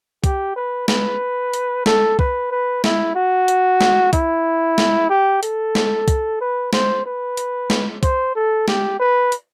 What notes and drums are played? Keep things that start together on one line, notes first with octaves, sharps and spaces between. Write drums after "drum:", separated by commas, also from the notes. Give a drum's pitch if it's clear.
G4, drum: kick, hi-hat
B4
B4, drum: snare
drum: hi-hat
A4, drum: snare
B4, drum: kick
B4
E4, drum: snare
F#4
drum: hi-hat
drum: snare
E4, drum: kick, hi-hat
drum: snare
G4
A4, drum: hi-hat
drum: snare
drum: kick, hi-hat
B4
C5, drum: snare
B4
drum: hi-hat
drum: snare
C5, drum: kick, hi-hat
A4
G4, drum: snare
B4
drum: hi-hat